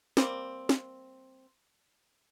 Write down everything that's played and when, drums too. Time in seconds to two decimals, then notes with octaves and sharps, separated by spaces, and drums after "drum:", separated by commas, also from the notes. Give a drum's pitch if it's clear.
0.17 G3 A#3 C4, drum: snare
0.69 drum: snare